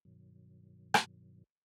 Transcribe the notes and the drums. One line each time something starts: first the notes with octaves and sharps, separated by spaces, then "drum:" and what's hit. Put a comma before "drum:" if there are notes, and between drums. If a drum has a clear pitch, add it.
G2 B2 D#3 F#3
drum: rim click